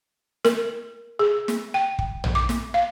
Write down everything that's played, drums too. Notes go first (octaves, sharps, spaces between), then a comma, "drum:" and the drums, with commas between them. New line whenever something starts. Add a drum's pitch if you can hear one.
A#4, drum: snare
G#4
drum: snare
G5
drum: kick
drum: tom A#1
D6
drum: snare
F5